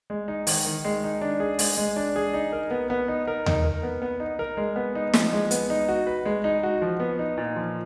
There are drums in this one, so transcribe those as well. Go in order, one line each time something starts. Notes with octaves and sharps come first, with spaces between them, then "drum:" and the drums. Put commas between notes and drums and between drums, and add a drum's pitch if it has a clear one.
G#3
D#4
D#3, drum: open hi-hat
D#3
G#3
D#4
D4
G#4
G#3, drum: open hi-hat
G#3
D4
G#4
D#4
A#4
B3
B3
D#4
A#4
D#4, drum: tom D#2
A#4
B3
B3
D#4
A#4
G#3
B3
D#4
F3, drum: snare
G#3
B3, drum: hi-hat
D#4
F#4
B4
G#3
D#4
F#4
F3
B3
D#4
A#2
F3